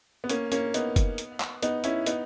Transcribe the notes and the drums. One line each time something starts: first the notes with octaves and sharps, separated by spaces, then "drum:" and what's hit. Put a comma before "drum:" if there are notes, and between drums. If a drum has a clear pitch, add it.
B3
A#3 C#4, drum: hi-hat
A#3 C#4, drum: hi-hat
B3 D#4, drum: hi-hat
drum: kick F#1, hi-hat
drum: hi-hat
drum: clap
B3 D#4, drum: hi-hat
C#4 E4, drum: hi-hat
B3 D#4, drum: hi-hat